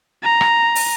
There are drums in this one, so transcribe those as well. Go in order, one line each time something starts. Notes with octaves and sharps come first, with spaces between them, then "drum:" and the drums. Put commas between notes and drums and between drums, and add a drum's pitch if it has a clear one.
A#5
drum: rim click
drum: open hi-hat